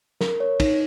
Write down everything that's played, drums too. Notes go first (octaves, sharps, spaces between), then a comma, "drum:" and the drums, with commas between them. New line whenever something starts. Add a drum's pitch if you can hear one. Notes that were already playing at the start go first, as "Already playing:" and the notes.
A#4, drum: snare
C#5
D#4, drum: kick, cymbal